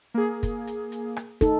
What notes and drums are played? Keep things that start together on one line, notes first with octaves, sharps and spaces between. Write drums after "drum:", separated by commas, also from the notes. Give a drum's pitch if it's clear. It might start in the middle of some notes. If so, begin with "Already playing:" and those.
A#3 G#4
drum: kick, hi-hat
drum: hi-hat
drum: hi-hat
drum: rim click
D#4 A4, drum: kick, hi-hat